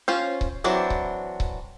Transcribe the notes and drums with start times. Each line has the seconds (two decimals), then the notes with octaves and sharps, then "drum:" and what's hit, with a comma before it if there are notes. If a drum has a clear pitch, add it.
0.08 C#4 F4 C5
0.41 drum: kick C#1
0.64 E3 F#3 C4 D4
0.90 drum: kick C#1
1.40 drum: kick C#1